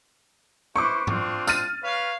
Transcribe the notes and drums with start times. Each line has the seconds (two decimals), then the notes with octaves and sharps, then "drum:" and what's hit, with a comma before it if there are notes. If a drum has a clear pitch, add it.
0.76 E4 B4 C5 C#6 D6
1.07 C4 D4 F4, drum: tom G#2
1.47 F6 A6 D#7, drum: tambourine
1.83 B4 C#5 F5